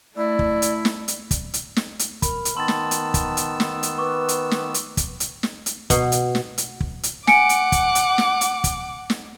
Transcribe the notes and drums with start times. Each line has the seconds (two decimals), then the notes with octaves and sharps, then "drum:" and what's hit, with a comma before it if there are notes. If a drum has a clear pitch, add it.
0.17 A3 E4 D5
0.39 drum: kick
0.62 drum: hi-hat
0.85 drum: snare
1.08 drum: hi-hat
1.31 drum: kick, hi-hat
1.54 drum: hi-hat
1.76 drum: snare
1.99 drum: hi-hat
2.22 A#4 B5, drum: kick, hi-hat
2.45 drum: hi-hat
2.57 D#3 B3 A5 C6 E6 A6
2.68 drum: snare
2.91 drum: hi-hat
3.14 drum: kick, hi-hat
3.37 drum: hi-hat
3.60 drum: snare
3.83 drum: hi-hat
3.98 B4 C#6 D6
4.28 drum: hi-hat
4.51 drum: snare
4.74 drum: hi-hat
4.97 drum: kick, hi-hat
5.20 drum: hi-hat
5.43 drum: snare
5.66 drum: hi-hat
5.90 B2, drum: kick, hi-hat
6.12 drum: hi-hat
6.35 drum: snare
6.58 drum: hi-hat
6.81 drum: kick
7.03 drum: hi-hat
7.27 F#5 G#5 D6 C#7 D7, drum: snare
7.49 drum: hi-hat
7.72 drum: kick, hi-hat
7.95 drum: hi-hat
8.18 drum: snare
8.41 drum: hi-hat
8.64 drum: kick, hi-hat
9.10 drum: snare